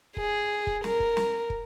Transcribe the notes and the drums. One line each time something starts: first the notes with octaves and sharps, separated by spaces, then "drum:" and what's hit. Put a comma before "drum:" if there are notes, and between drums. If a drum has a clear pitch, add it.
G#4, drum: kick
drum: kick
A#4, drum: snare
drum: kick
drum: snare
drum: kick